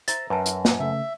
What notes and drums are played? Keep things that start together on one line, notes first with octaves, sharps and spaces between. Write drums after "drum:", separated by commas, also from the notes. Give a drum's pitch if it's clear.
C5 E5 A#5 A6, drum: hi-hat
F#2 B4 A5
drum: hi-hat
drum: snare
C#3 A3 E5